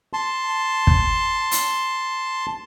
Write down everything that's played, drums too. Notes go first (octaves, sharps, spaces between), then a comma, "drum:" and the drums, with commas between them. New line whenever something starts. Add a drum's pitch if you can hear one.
A5 C6
drum: kick
drum: hi-hat